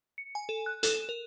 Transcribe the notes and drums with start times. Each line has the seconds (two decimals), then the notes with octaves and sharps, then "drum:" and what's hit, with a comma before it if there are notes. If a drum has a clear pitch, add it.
0.18 C#7
0.35 G#5
0.49 A4
0.66 F#6
0.83 A4, drum: hi-hat
0.95 E7
1.09 A#4